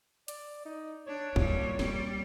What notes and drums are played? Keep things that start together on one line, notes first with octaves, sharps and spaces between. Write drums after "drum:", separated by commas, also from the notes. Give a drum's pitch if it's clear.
D5, drum: hi-hat
D#4
D4 C#5
A#2 G3 F4, drum: kick C2
G3 A#3, drum: snare